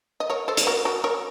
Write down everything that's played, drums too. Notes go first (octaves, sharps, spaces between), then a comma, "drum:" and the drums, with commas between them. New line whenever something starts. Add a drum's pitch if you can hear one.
D#5
A#4 C#5
A4 C5
drum: hi-hat
F#4 A#4
F#4 A#4
A#4 C#5